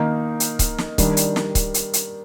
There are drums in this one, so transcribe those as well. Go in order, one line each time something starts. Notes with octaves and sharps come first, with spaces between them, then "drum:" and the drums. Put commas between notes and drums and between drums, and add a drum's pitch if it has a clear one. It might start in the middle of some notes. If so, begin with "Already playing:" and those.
Already playing: D#3 A#3 D#4
drum: hi-hat
drum: kick C#1, hi-hat
drum: snare
D#3 G3 D4, drum: kick C#1, hi-hat
drum: hi-hat
drum: snare
drum: kick C#1, hi-hat
drum: hi-hat
drum: hi-hat